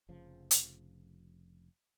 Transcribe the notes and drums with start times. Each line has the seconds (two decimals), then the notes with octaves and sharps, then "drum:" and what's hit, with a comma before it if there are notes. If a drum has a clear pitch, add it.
0.09 F1 C#3 F3
0.51 drum: hi-hat